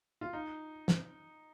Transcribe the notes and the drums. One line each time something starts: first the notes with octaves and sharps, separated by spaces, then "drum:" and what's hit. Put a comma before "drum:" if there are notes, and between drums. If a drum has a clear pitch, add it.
F4
D#4
drum: snare